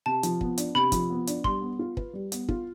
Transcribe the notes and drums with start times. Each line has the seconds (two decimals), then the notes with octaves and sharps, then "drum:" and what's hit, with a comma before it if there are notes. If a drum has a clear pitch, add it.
0.06 C3 A5
0.23 F3, drum: hi-hat
0.41 B3, drum: kick
0.58 D4, drum: hi-hat
0.75 C3 B5
0.92 F3, drum: kick, hi-hat
1.10 B3
1.27 D4, drum: hi-hat
1.44 G3 C6, drum: kick
1.61 B3
1.79 F4
1.97 B4, drum: kick
2.13 G3
2.32 B3, drum: hi-hat
2.49 F4, drum: kick